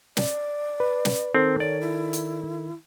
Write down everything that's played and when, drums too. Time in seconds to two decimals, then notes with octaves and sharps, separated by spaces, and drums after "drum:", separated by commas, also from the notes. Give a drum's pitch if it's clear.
0.17 D5, drum: snare
0.80 B4
1.05 drum: snare
1.35 D#3 C4 A4
1.60 C#5 D5
1.81 E4
2.13 drum: hi-hat